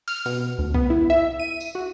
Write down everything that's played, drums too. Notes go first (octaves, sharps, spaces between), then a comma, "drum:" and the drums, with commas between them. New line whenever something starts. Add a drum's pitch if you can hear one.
F6, drum: open hi-hat
B2, drum: open hi-hat
D2
B3, drum: kick B1
E4
E5
D#7
drum: tambourine
F#4